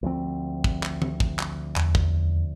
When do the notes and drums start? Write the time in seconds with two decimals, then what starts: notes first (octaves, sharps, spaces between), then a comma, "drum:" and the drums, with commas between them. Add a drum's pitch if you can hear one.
0.03 D2 F3 C4
0.64 drum: kick
0.83 drum: clap
1.02 drum: tom D#3
1.20 drum: kick
1.39 drum: clap
1.76 E2, drum: clap
1.95 drum: kick